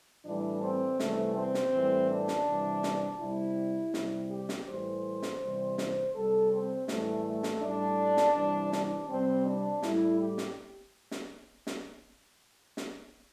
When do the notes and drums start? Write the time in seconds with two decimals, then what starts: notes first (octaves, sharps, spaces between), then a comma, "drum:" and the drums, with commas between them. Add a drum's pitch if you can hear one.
0.25 A2 E3 G3 D4
0.62 C4
0.99 C3 E3 G3 A3, drum: snare
1.36 C4
1.54 drum: snare
1.72 A2 E3 G3
2.10 D4
2.28 drum: snare
2.46 C3 E3 G3
2.83 drum: snare
3.19 C3 G3 E4
3.94 C3 G3, drum: snare
4.30 G4
4.49 drum: snare
4.67 A2 E3 G3 C5
5.22 drum: snare
5.41 C3 E3 G3
5.78 C5, drum: snare
6.14 C3 G3 A4
6.51 C4
6.88 A2 E3 G3 A3, drum: snare
7.25 A3
7.43 drum: snare
7.61 A2 G3 D4
8.17 drum: snare
8.35 C3 E3 G3
8.72 D4, drum: snare
9.09 C3 G3 C4
9.45 D4
9.82 A2 G3 E4, drum: snare
10.19 G4
10.38 drum: snare
11.11 drum: snare
11.67 drum: snare
12.77 drum: snare